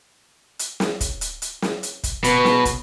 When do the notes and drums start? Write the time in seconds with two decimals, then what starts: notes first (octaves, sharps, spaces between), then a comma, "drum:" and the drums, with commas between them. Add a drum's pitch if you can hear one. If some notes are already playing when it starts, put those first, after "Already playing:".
0.59 drum: hi-hat
0.80 drum: snare
1.01 drum: kick, hi-hat
1.21 drum: hi-hat
1.42 drum: hi-hat
1.62 drum: snare
1.83 drum: hi-hat
2.04 drum: kick, hi-hat
2.24 B2, drum: hi-hat
2.45 drum: snare
2.65 drum: kick, hi-hat